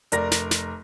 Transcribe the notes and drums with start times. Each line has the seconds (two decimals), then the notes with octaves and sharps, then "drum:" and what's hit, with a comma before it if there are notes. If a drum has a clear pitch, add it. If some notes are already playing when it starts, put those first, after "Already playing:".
0.12 F1 A#4 D5 A#6, drum: hi-hat
0.31 drum: snare
0.51 drum: snare